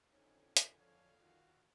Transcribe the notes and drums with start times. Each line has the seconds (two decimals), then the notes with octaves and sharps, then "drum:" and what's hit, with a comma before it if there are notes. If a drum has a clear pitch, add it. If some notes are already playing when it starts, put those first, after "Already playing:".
0.11 F2 D3 C4 C#4 D#4 G#5
0.57 drum: hi-hat
0.79 F3 C#5 F5
1.21 D#3 F4 F#4